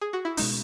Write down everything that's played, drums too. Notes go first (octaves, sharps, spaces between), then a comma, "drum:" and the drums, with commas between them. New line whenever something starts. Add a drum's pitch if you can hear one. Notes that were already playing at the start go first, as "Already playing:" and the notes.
G#4
F#4
E4
B2 G#3 C#4 D#4, drum: open hi-hat